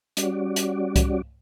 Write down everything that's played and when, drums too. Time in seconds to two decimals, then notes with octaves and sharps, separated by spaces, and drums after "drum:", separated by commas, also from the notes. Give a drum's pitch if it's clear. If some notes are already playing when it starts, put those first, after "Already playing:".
0.17 G3 C#4 F#4 D5, drum: hi-hat
0.56 drum: hi-hat
0.96 drum: kick C2, hi-hat